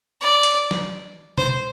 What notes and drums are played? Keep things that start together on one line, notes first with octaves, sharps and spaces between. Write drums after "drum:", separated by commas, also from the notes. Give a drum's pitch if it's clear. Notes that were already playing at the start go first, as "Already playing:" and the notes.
D5
drum: hi-hat
drum: snare
C5, drum: tom B2